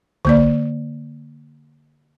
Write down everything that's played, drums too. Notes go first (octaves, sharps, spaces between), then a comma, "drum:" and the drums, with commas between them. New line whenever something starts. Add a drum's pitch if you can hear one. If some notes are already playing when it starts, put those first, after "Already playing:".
D3 A#3 D5, drum: tom